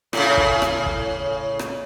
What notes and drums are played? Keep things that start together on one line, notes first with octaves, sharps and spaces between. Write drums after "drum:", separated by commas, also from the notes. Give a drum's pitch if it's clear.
A2 C#3, drum: rim click
drum: kick
drum: rim click
drum: kick
drum: rim click